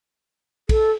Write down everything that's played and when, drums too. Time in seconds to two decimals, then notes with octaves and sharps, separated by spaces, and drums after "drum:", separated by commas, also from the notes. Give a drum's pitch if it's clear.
0.69 A4, drum: kick, cymbal